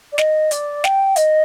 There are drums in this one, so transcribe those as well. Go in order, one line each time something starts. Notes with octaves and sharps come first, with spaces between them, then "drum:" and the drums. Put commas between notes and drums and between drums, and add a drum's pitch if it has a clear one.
D5
D#5, drum: snare
D5, drum: hi-hat
G5, drum: snare
D#5, drum: hi-hat